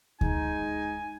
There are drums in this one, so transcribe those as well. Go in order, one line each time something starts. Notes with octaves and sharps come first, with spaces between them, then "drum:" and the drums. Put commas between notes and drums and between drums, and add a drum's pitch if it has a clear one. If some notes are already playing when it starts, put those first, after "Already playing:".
G#3 D#4 G#5, drum: kick D2